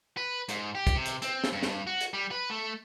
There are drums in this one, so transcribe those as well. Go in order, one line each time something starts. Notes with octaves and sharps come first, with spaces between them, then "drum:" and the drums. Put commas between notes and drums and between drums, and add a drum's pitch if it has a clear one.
B4
G#2, drum: hi-hat
G4
drum: kick, hi-hat
C3
drum: hi-hat
C4, drum: hi-hat
drum: snare
G2
drum: snare
F#4
drum: hi-hat
G3
B4
A3